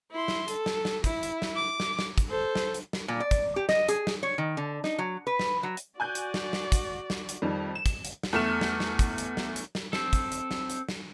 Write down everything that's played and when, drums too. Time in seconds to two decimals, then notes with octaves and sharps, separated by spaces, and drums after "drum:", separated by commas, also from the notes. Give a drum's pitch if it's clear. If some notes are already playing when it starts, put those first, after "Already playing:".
0.11 E4 C6
0.28 drum: snare
0.48 A4, drum: hi-hat
0.66 drum: snare
0.85 drum: snare
1.04 E4, drum: kick, hi-hat
1.23 drum: hi-hat
1.42 drum: snare
1.55 D6
1.80 drum: snare
1.99 drum: snare
2.18 drum: kick, hi-hat
2.28 A4 C5
2.55 drum: snare
2.74 drum: hi-hat
2.93 drum: snare
3.08 A#2
3.20 D5
3.31 drum: kick, hi-hat
3.56 G4
3.69 D#5, drum: snare
3.89 G#4, drum: hi-hat
4.07 drum: snare
4.23 C#5
4.38 D#3
4.57 D3
4.84 D#4, drum: snare
4.99 F#3
5.27 B4
5.39 drum: snare
5.63 F#3
5.77 drum: hi-hat
6.00 F#4 D5 G#5 F#6 G6
6.15 drum: hi-hat
6.34 drum: snare
6.53 drum: snare
6.72 drum: kick, hi-hat
7.10 drum: snare
7.29 drum: hi-hat
7.42 F2 D#3 G3
7.75 E7
7.86 drum: kick, hi-hat
8.05 drum: hi-hat
8.23 drum: snare
8.33 E2 A3 F6 E7
8.61 drum: snare
8.80 drum: snare
8.99 drum: kick, hi-hat
9.18 drum: hi-hat
9.37 drum: snare
9.56 drum: hi-hat
9.75 drum: snare
9.93 C4 A4, drum: snare
10.13 drum: kick, hi-hat
10.32 drum: hi-hat
10.51 drum: snare
10.70 drum: hi-hat
10.89 drum: snare